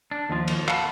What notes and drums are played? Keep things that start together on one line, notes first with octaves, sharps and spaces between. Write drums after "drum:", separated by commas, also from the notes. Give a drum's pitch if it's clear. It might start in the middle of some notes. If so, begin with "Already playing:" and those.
D4
D#2 F3
drum: cymbal
F5 F#5 A5 B5, drum: clap